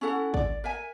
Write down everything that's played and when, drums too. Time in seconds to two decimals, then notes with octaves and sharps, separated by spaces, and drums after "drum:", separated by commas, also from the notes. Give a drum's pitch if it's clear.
0.01 C#4 E4 A4 F#5
0.34 D5, drum: kick
0.64 A#4 E5 G#5